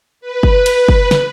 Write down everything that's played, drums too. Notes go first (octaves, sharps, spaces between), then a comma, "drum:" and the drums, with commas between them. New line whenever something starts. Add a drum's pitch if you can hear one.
B4
drum: kick
drum: cymbal
drum: kick
drum: snare